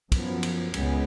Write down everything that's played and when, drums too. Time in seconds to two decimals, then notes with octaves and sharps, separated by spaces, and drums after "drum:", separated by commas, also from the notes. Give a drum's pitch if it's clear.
0.12 F#2 F3 B3, drum: kick, cymbal
0.43 drum: cymbal
0.74 C#2 C#3 G#3 B3, drum: cymbal